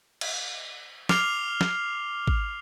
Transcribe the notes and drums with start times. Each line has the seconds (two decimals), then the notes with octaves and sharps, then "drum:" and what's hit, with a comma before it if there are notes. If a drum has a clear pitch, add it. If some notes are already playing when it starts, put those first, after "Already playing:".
0.21 drum: cymbal
1.09 D6 F6 C7 F7 G7, drum: snare
1.61 drum: snare
2.27 drum: kick